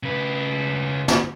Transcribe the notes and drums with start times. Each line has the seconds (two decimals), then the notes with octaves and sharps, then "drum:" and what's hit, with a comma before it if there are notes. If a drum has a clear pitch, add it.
0.03 C#3 B4
1.08 drum: snare